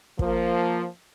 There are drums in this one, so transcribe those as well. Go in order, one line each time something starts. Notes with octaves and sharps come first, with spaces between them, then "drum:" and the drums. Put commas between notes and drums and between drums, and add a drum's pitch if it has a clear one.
F3 A#3, drum: kick